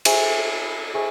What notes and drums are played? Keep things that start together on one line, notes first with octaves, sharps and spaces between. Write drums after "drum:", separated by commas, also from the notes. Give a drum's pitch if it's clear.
G#4 C5 E5 G#5 C#6, drum: cymbal
G#4 C5 E5 G#5 C#6